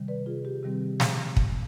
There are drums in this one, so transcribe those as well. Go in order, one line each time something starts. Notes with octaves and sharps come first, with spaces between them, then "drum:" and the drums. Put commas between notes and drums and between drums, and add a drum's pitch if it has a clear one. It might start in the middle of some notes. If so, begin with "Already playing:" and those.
Already playing: C3 D#3 G3
B4 D5
F4 G#4
G4
C3 D#3 G3 C4
drum: snare
drum: kick